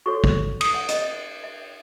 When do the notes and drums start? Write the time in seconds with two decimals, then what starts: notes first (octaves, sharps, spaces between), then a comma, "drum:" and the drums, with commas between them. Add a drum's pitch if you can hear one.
0.06 F#4 A4 C#5 C#6
0.24 drum: kick
0.61 D#6, drum: cymbal
0.75 F#5
0.88 D#5, drum: hi-hat
1.02 E5
1.44 E5